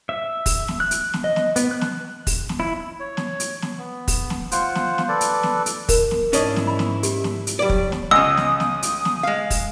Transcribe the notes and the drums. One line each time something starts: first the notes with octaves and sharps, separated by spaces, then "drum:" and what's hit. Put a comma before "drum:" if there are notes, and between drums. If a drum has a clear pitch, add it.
E5
drum: kick, open hi-hat
drum: snare
F#6
drum: hi-hat
drum: snare
D#5
drum: snare
B3, drum: hi-hat
F#6
drum: snare
drum: kick, open hi-hat
drum: snare
E4
C#5
drum: snare
drum: hi-hat
drum: snare
B3
drum: kick, open hi-hat
drum: snare
F4 C5 F#5, drum: hi-hat
drum: snare
drum: snare
A4 B4 D5
drum: hi-hat
drum: snare
drum: hi-hat
A#4, drum: kick, open hi-hat
drum: snare
G#2 C#4 D4 E4 D#5, drum: hi-hat
drum: snare
B5
drum: snare
G4, drum: hi-hat
drum: snare
drum: hi-hat
F#3 G3 D5
drum: kick
drum: snare
C#2 C#3 D#5 D#6 E6
drum: snare
drum: snare
drum: hi-hat
drum: snare
G#3 F5
drum: kick, open hi-hat